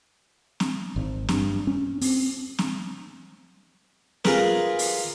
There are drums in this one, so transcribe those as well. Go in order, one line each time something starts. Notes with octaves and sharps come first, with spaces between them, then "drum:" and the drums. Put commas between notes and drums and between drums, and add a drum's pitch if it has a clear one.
drum: snare
G#1
G2, drum: snare
C#4
C4, drum: open hi-hat
drum: snare
F4 G#4 A#4 B4, drum: snare
drum: open hi-hat